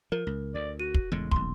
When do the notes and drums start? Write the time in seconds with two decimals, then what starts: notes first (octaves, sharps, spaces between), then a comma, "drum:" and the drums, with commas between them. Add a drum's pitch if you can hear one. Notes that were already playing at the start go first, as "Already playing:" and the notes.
0.12 F3 A#4
0.27 C#2
0.55 D2 D5
0.80 F#4 D#7
0.94 drum: kick
1.12 E2 A2 C#3 G#3
1.31 D#1 B1 C6, drum: kick